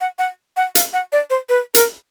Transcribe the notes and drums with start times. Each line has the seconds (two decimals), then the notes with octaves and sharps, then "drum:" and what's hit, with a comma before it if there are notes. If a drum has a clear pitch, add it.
0.01 F#5
0.19 F#5
0.57 F#5
0.75 F5, drum: hi-hat
0.93 F#5
1.12 D5
1.30 C5
1.49 B4
1.74 A#4, drum: hi-hat